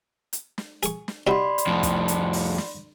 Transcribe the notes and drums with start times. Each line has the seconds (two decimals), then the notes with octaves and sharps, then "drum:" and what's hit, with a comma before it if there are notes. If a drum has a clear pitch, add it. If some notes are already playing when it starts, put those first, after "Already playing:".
0.33 drum: hi-hat
0.58 drum: snare
0.83 G#4 C#6, drum: hi-hat
1.08 drum: snare
1.27 C3 D#4 F#4 D5 B5 C6
1.58 drum: hi-hat
1.67 F2 A2
1.83 drum: kick, hi-hat
2.08 drum: hi-hat
2.33 drum: open hi-hat
2.58 drum: snare